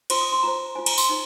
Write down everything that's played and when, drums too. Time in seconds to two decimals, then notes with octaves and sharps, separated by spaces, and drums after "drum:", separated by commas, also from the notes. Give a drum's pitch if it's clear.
0.10 F4 C5 C6, drum: cymbal
0.21 D#6
0.32 C6
0.43 F4 C5 A#5
0.75 F4 C5 G#5
0.86 A#5, drum: cymbal
0.98 C6, drum: tambourine
1.09 D#4 C5